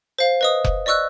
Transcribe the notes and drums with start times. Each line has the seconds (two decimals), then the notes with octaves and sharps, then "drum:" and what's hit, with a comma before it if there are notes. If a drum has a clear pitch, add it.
0.19 C5 F5
0.41 B4 D#5 D#6
0.64 drum: kick F1
0.86 D5 D#5 C#6 E6 F#6